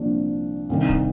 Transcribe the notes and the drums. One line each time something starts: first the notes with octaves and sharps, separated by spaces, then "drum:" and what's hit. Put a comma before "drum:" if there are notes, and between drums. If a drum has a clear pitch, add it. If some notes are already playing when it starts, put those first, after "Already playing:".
Already playing: C2 A#2 F3 D4
C2 C3 D#3
drum: kick